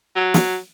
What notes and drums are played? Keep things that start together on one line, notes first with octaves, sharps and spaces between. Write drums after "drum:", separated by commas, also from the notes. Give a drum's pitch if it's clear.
F#3
drum: snare